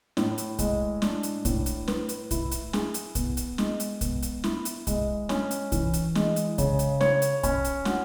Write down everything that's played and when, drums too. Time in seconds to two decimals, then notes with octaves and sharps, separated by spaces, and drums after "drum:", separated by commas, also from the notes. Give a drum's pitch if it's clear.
0.17 A2, drum: snare
0.38 drum: hi-hat
0.59 G#3, drum: kick, hi-hat
1.02 D4, drum: snare
1.23 drum: hi-hat
1.45 A2, drum: kick, hi-hat
1.66 drum: hi-hat
1.88 B4, drum: snare
2.09 drum: hi-hat
2.31 E4, drum: kick, hi-hat
2.52 drum: hi-hat
2.73 G#4, drum: snare
2.94 drum: hi-hat
3.15 B3, drum: kick, hi-hat
3.37 drum: hi-hat
3.58 G#3, drum: snare
3.80 drum: hi-hat
4.01 B3, drum: kick, hi-hat
4.23 drum: hi-hat
4.44 E4, drum: snare
4.65 drum: hi-hat
4.87 G#3, drum: kick, hi-hat
5.29 C#4, drum: snare
5.51 drum: hi-hat
5.72 E3, drum: kick, hi-hat
5.94 drum: hi-hat
6.15 G#3, drum: snare
6.36 drum: hi-hat
6.58 C#3, drum: kick, hi-hat
6.79 drum: hi-hat
7.01 C#5, drum: snare
7.22 drum: hi-hat
7.43 C#4, drum: kick, hi-hat
7.65 drum: hi-hat
7.85 F#4, drum: snare